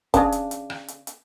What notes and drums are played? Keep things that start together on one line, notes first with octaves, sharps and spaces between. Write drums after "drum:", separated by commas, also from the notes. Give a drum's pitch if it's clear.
C#3 D4, drum: kick, hi-hat
drum: hi-hat
drum: hi-hat
drum: rim click
drum: hi-hat
drum: hi-hat